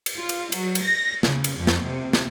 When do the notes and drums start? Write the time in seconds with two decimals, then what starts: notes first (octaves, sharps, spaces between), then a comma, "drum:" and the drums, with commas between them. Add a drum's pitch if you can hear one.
0.06 drum: cymbal
0.16 F4
0.29 drum: cymbal
0.52 F#3, drum: cymbal
0.75 drum: cymbal
0.85 A#6
1.23 C#3, drum: snare
1.44 drum: cymbal
1.58 F2
1.67 drum: snare
1.87 C3
2.13 drum: snare